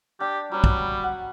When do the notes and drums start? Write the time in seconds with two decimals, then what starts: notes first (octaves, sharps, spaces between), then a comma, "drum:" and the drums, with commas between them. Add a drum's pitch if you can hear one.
0.20 D4 G4 G5
0.52 F#3 G3 C#4 B4
0.64 drum: kick
1.04 F#5